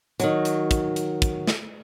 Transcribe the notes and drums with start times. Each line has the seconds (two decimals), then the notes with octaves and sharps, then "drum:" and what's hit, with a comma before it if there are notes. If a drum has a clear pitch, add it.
0.20 D#3 F#3, drum: hi-hat
0.45 drum: hi-hat
0.71 drum: kick, hi-hat
0.96 drum: hi-hat
1.22 drum: kick, hi-hat
1.47 drum: snare